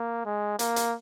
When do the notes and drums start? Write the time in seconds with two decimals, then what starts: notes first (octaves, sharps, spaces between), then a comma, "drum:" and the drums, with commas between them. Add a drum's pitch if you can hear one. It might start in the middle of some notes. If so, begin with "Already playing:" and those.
Already playing: A#3
0.25 G#3
0.59 A#3, drum: hi-hat
0.76 drum: hi-hat